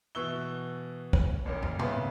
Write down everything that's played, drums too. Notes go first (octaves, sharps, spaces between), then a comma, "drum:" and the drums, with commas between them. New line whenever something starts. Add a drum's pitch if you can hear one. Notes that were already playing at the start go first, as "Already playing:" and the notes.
B2 E3 C#6 E6 F#6 G7
drum: kick
A1 A#2 C#4 A#4
drum: tom
C#3 B3 E4, drum: tom